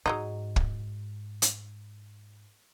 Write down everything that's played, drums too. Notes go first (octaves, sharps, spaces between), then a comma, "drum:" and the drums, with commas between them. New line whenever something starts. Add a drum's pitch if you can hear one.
G#2 F#3 G#3 D#4
drum: kick
drum: hi-hat